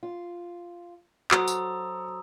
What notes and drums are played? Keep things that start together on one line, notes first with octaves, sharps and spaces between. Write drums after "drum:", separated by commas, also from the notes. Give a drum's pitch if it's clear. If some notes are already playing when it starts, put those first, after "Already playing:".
F4
F#3 F#4 A4 C5 A#5 D#6 E6, drum: clap
drum: tambourine